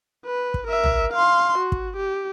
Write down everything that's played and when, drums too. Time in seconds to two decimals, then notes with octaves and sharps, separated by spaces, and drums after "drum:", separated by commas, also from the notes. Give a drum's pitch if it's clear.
0.26 B4
0.54 drum: kick
0.67 A#4 E5
0.84 drum: tom
1.13 F5 C6
1.59 F#4
1.72 drum: kick
1.97 G4